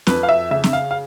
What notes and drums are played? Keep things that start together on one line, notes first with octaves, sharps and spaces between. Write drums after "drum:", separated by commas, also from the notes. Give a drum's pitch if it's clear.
F2 B4, drum: snare C4
F5
E5
C#3 E5
drum: snare C4
F5
F5